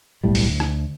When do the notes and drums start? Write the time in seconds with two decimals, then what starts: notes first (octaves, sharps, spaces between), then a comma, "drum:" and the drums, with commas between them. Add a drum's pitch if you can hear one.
0.23 D1 B1 A2 G3
0.35 drum: open hi-hat
0.49 D2
0.60 drum: rim click